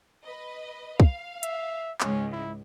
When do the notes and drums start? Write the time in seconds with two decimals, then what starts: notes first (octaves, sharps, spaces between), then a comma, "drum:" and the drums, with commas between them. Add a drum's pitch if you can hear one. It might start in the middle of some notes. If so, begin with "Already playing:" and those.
0.24 B4 D#5
1.00 F5, drum: kick
1.43 E5, drum: hi-hat
2.01 C#2 G#2 C#4, drum: clap
2.33 E4